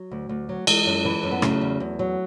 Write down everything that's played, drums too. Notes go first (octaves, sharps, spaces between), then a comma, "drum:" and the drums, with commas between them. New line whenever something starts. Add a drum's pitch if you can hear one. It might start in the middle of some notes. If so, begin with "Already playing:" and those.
Already playing: F#3
D2
D2
F#3
E3 G#3, drum: cymbal
F#2
E3
F#2
B3
C#3 F#3 A3, drum: rim click
E2
E2
F#3